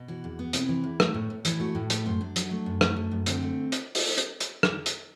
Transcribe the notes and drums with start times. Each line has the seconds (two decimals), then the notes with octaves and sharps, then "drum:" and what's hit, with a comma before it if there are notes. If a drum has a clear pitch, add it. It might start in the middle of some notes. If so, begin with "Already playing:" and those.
Already playing: B2
0.08 E3 F#4
0.24 E2
0.39 B3
0.53 C3 E4, drum: hi-hat
0.69 E3
0.84 E2
1.00 A3, drum: rim click
1.14 A2
1.30 A2
1.45 E3 E4, drum: hi-hat
1.60 A3 F#4
1.75 A2
1.90 A3 B4, drum: hi-hat
2.06 F#2 C5
2.21 F#2 D4
2.36 F#3, drum: hi-hat
2.51 A3
2.66 F#2
2.81 A3, drum: rim click
2.96 F#2
3.11 F#2
3.26 D3 C4, drum: hi-hat
3.42 A3
3.72 drum: hi-hat
3.95 drum: open hi-hat
4.18 drum: hi-hat
4.40 drum: hi-hat
4.63 drum: rim click
4.86 drum: hi-hat